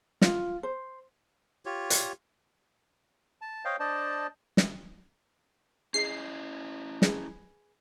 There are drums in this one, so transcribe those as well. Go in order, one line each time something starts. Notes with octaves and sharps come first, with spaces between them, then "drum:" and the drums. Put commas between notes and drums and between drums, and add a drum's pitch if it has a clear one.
F4, drum: snare
C5
F4 G4 C#5
drum: hi-hat
A5
C5 C#5 D#5 F5 G5
D4 C5 D5 D#5 A5
drum: snare
C#4 E4 G#4 D#5 C7
G#4 B4, drum: snare